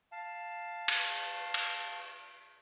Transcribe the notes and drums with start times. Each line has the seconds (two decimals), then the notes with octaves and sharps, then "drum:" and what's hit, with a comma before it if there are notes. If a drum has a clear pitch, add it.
0.12 F5 A5
0.88 drum: cymbal
1.54 drum: cymbal